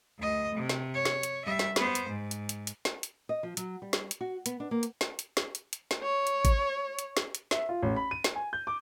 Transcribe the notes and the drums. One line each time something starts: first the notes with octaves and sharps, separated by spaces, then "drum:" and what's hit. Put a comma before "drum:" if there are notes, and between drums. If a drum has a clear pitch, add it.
D2 D#5
C3
drum: snare
C#5
drum: snare
drum: hi-hat
G3 E5
drum: snare
B3 C5, drum: snare
drum: hi-hat
G#2
drum: hi-hat
drum: hi-hat
drum: hi-hat
drum: snare
drum: hi-hat
D#5
F3
F#3, drum: hi-hat
G3
drum: snare
drum: hi-hat
F#4
B3, drum: hi-hat
D4
A#3
drum: hi-hat
drum: snare
drum: hi-hat
drum: snare
drum: hi-hat
drum: hi-hat
drum: snare
C#5
drum: hi-hat
drum: kick G#1, hi-hat
drum: hi-hat
drum: snare
drum: hi-hat
E5, drum: snare
F4
A1
B5
D#7
drum: snare
G#5
G6
D6